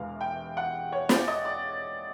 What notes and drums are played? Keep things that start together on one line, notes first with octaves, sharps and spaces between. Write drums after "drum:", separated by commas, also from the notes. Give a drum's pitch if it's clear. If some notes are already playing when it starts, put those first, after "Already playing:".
Already playing: E1 E2 C3 E3 G#3 F5
G5
F#5
C#5
D5, drum: snare
D#5
D5